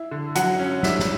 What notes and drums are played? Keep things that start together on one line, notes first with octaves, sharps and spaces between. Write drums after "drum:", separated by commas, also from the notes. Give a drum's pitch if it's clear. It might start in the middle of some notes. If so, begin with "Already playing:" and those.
Already playing: E4
D3
F#3 F#5, drum: hi-hat
C#4
E4 E5, drum: snare
drum: snare